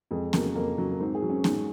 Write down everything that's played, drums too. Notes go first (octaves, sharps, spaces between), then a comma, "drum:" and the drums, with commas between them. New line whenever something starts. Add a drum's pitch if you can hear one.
F2 G#3
C#3 F#3 A#3, drum: snare B3
F2 A#3
C#3 F#3
G#2 C4
G#4
F#3
C#4
G#2, drum: snare B3